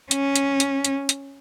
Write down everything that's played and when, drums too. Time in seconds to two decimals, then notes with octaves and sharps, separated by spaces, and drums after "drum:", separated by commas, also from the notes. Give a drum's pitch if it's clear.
0.11 C#4, drum: hi-hat
0.36 drum: hi-hat
0.60 drum: hi-hat
0.85 drum: hi-hat
1.09 drum: hi-hat